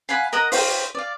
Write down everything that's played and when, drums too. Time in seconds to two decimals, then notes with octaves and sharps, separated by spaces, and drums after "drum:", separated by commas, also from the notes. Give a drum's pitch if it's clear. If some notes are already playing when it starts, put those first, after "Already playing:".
0.09 F5 F#5 G#5 B5
0.33 A#4 D#5 F#5 A#5
0.52 C5 C#5 F5 G5, drum: open hi-hat
0.95 D5 F5